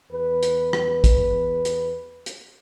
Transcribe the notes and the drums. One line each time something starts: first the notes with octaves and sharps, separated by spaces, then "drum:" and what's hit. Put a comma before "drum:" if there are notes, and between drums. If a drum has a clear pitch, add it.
E2 B4
drum: hi-hat
drum: rim click
drum: kick, hi-hat
drum: hi-hat
drum: hi-hat